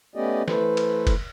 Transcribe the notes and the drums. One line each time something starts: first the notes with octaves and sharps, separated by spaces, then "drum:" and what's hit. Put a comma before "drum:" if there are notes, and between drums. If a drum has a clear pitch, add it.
A3 B3 C#4 G4 D5 D#5
E3 A3 A4 B4 C5, drum: snare
drum: cymbal
drum: kick, cymbal